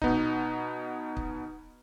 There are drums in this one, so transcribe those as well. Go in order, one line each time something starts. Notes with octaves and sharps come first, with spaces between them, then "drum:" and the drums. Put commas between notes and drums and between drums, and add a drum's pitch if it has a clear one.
B2 B3 D#4, drum: kick
drum: kick